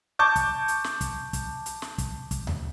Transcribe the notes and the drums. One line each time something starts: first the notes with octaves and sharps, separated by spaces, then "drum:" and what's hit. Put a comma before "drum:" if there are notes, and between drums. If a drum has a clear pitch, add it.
A5 C#6 D6 G6
drum: kick, hi-hat
drum: hi-hat
drum: snare
drum: kick, hi-hat
drum: kick, hi-hat
drum: hi-hat
drum: snare
drum: kick, hi-hat
drum: kick, hi-hat
drum: tom D2